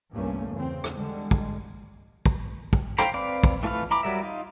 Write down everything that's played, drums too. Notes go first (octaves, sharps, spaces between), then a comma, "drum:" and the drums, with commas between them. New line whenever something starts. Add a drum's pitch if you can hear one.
G1 C2 G2 A3 A#3 C#4
E2 C#3 C4
drum: rim click
D3 G3 G#3
drum: kick
drum: kick
drum: kick
C5 F5 G5 A#5 B5, drum: rim click
C4 B4 D5 F5
drum: kick
E3 A3 F4 B4 F6
E3 A#5 B5 D6
F#3 G3 A#4 E5
D#4 F4